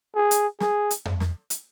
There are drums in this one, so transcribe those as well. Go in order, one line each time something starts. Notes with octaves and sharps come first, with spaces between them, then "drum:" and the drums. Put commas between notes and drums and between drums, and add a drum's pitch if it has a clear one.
G#4
drum: hi-hat
G#4, drum: snare
drum: hi-hat
drum: tom F2
drum: snare
drum: hi-hat